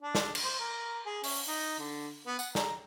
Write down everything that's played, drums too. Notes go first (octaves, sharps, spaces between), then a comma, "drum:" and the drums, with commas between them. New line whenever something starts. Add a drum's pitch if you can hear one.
D4
drum: snare
drum: cymbal
C5
A#4
G#4
C#4, drum: open hi-hat
D#4
D3
B3
F#5, drum: tambourine
A#5, drum: snare